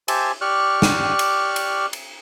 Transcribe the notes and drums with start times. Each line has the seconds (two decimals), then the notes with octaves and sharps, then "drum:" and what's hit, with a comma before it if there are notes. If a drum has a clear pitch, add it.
0.08 G4 C5 E5 G#5 A5, drum: cymbal
0.41 G4 D5 C#6 F6 F#6
0.82 drum: snare
1.19 drum: cymbal
1.56 drum: cymbal
1.93 drum: cymbal